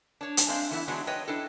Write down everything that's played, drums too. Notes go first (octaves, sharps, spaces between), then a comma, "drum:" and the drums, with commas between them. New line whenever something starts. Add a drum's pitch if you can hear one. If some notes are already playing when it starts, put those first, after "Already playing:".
D4 C#5
drum: hi-hat
G#3 A3 C4 D4 C5 F5
E3 A3 B3 E4
D3 E3 F#3 G#3 B3 D4
B4 C#5 D#5 G5
D4 E4 A4